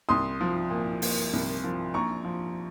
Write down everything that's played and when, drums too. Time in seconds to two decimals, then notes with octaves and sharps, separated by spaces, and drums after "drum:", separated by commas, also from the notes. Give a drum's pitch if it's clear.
0.09 C2 C6 D#6
0.41 F3
0.70 A#2
1.02 A#3, drum: open hi-hat
1.33 C2
1.64 F3
1.94 A#1 A#5 C#6
2.25 F3